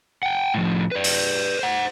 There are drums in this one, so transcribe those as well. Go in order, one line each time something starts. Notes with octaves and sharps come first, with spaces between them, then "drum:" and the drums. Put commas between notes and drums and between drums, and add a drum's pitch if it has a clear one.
F#5 G5
A2 F3
B4 D5
drum: open hi-hat
C5 F#5